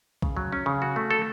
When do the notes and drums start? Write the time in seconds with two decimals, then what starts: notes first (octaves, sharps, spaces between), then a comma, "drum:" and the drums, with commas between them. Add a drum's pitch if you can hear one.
0.22 C#3, drum: kick A#1
0.37 F#3
0.52 C#4
0.66 C#3
0.82 F#4
0.96 A3
1.11 A4